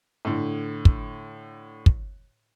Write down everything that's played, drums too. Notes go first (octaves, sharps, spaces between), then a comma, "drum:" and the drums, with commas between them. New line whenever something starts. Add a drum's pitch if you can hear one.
A2 D3
drum: kick
drum: kick